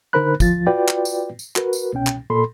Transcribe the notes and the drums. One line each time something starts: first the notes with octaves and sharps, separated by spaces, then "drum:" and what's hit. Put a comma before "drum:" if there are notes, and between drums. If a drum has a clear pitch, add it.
D3 D#4 A#4 C5 B5 F#6
D2 F3 F4 A6, drum: kick, tambourine
F4 F#4 B4 D5 G5
drum: clap
drum: tambourine
drum: tambourine
F#4 A#4 B4, drum: clap
drum: tambourine
C2 B2 C#4 G5
drum: clap
A#2 A4 B5 C6